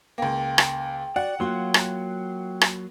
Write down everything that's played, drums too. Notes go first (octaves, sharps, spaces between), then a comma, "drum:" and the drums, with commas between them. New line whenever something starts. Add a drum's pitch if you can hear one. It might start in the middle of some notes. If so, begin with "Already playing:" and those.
C#2 A#3 G5
drum: rim click
F#4 D5 F#5
F#3 A#3 F4 F#4 C6
drum: rim click
drum: rim click